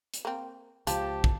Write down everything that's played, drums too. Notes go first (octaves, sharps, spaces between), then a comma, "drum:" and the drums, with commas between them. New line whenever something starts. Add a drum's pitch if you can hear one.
drum: hi-hat
A#3 C4
C#2 F3 F4 G4 A5, drum: hi-hat
drum: kick